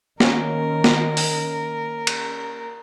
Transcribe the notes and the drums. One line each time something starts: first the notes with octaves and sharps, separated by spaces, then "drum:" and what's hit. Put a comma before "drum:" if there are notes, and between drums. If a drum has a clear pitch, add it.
D#3 A#3 C#4 A#4, drum: snare
drum: snare
drum: open hi-hat
drum: cymbal